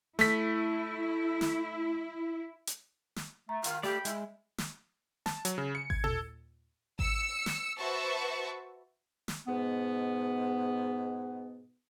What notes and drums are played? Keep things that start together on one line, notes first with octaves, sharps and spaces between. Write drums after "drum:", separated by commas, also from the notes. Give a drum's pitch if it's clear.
A3 E4 B6, drum: snare
drum: snare
drum: hi-hat
drum: snare
A3 A#5
D#3 F5, drum: hi-hat
A3 G4 D5 F5 G5 B5
G#3 E5, drum: hi-hat
drum: snare
A5, drum: snare
F#3, drum: hi-hat
C#3
C#7
G#6, drum: kick G#1
A4, drum: tom
E6 C#7, drum: kick G#1
drum: snare
F#4 B4 C5 E5 A5 C#6
drum: snare
G#2 B2 B3